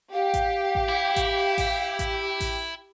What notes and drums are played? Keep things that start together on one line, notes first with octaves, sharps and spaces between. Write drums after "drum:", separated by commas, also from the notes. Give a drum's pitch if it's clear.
G4 F5
drum: kick A1, hi-hat
drum: kick A1
E4
drum: kick A1, hi-hat
drum: kick A1, open hi-hat
drum: kick A1, hi-hat
drum: kick A1, open hi-hat